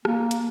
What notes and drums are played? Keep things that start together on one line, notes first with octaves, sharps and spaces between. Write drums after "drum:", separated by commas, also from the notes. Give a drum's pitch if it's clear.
A#3, drum: rim click
drum: hi-hat